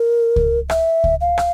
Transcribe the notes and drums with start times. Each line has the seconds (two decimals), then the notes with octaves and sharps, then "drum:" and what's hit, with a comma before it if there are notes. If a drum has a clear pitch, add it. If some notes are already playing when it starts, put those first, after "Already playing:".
Already playing: A#4
0.36 drum: kick C#2
0.70 E5, drum: rim click
1.04 drum: kick C#2
1.21 F5
1.38 drum: rim click